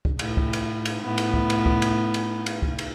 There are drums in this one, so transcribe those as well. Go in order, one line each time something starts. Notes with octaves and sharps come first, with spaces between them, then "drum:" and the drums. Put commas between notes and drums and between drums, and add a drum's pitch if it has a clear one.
drum: kick
A2, drum: cymbal
drum: kick
drum: cymbal
drum: cymbal
A2 B3
drum: cymbal
drum: kick
drum: cymbal
drum: kick
drum: cymbal
drum: cymbal
drum: cymbal
drum: kick
drum: cymbal